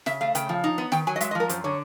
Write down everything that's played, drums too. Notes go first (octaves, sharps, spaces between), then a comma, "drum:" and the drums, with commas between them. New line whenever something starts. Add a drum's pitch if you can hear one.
C#3 E5, drum: snare
A3 F5
C#3 G5, drum: hi-hat
F3
D#4
B3
D#3 G5, drum: snare
F#3 G#5
D#5
G#3 E5, drum: hi-hat
D#5
F3 A#4
F#2 C5, drum: hi-hat
D3 C#5